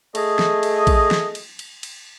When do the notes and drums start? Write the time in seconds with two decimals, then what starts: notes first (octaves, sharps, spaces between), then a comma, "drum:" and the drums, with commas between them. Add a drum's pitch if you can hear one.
0.15 A3 G#4 D#5, drum: cymbal
0.39 drum: snare
0.63 drum: cymbal
0.87 drum: kick A#1, cymbal
1.11 drum: snare
1.35 drum: cymbal
1.59 drum: cymbal
1.83 drum: cymbal